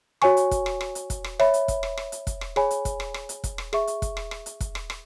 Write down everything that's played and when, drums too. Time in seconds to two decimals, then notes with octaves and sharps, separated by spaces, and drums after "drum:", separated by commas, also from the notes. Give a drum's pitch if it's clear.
0.22 F#4 C#5 G#5 C#6, drum: rim click
0.37 drum: hi-hat
0.51 drum: kick, hi-hat
0.66 drum: rim click
0.81 drum: rim click
0.95 drum: hi-hat
1.10 drum: kick, hi-hat
1.24 drum: rim click
1.39 C#5 E5 B5, drum: rim click
1.54 drum: hi-hat
1.68 drum: kick, hi-hat
1.83 drum: rim click
1.97 drum: rim click
2.12 drum: hi-hat
2.27 drum: kick, hi-hat
2.41 drum: rim click
2.56 G#4 C#5 G#5 B5, drum: rim click
2.71 drum: hi-hat
2.85 drum: kick, hi-hat
3.00 drum: rim click
3.14 drum: rim click
3.29 drum: hi-hat
3.44 drum: kick, hi-hat
3.58 drum: rim click
3.73 G#4 E5 C#6, drum: rim click
3.87 drum: hi-hat
4.02 drum: kick, hi-hat
4.17 drum: rim click
4.31 drum: rim click
4.46 drum: hi-hat
4.60 drum: kick, hi-hat
4.75 drum: rim click
4.90 drum: rim click